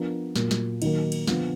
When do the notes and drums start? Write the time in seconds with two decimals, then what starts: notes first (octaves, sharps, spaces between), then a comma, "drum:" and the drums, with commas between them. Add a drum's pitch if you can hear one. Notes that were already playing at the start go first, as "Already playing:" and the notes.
Already playing: F3 B3 D4 F4 A#4
0.36 A#2 F#3 A#3, drum: snare
0.51 drum: snare
0.82 D#3 F#3 A#3, drum: cymbal
1.12 drum: cymbal
1.27 D3 F3 B3 F4, drum: snare